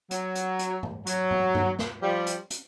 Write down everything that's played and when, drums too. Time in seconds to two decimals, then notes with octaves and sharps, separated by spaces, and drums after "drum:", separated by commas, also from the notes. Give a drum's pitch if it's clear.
0.11 F#3, drum: hi-hat
0.35 drum: hi-hat
0.59 drum: hi-hat
0.83 drum: tom G#2
1.07 F#3, drum: hi-hat
1.31 drum: tom G#2
1.55 drum: tom G2
1.79 drum: snare
2.02 F3 G3
2.26 drum: hi-hat
2.50 drum: hi-hat